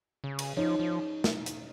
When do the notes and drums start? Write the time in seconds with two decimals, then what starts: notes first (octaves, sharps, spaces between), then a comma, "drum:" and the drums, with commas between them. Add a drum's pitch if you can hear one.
0.24 C#3
0.39 drum: cymbal
0.57 F3 C#4 D#4
0.80 F3
1.24 drum: snare
1.46 drum: hi-hat